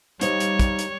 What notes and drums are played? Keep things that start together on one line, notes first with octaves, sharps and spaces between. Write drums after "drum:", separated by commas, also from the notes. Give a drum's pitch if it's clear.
G3 D#4 C5 C#5 F5, drum: hi-hat
drum: hi-hat
drum: kick, hi-hat
drum: hi-hat